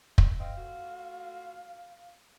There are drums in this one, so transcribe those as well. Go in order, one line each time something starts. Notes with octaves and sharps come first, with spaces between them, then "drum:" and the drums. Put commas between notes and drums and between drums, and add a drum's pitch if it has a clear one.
drum: kick
C4 D#5 F5
A3 F4 F#4